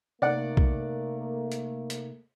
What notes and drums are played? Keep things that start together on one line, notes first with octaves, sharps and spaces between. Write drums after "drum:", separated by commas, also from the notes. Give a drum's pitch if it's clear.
C3 A3 A#3 D#4 D5 F#5
drum: kick B1
drum: hi-hat
drum: hi-hat